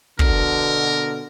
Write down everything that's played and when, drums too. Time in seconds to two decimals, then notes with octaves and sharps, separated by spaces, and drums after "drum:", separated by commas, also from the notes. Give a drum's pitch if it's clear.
0.19 B2 D3 A#4, drum: kick